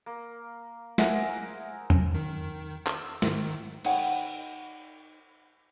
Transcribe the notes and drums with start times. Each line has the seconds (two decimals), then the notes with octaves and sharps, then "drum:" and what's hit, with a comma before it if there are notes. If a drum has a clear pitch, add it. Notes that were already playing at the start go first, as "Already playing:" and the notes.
0.06 A#3
0.98 G#4 A#4 C5 E5 F#5, drum: snare
1.90 drum: tom E2
2.14 D#3
2.87 E6, drum: clap
3.22 G#2 D#3, drum: snare
3.85 D#4 C#5 F#5 G5, drum: cymbal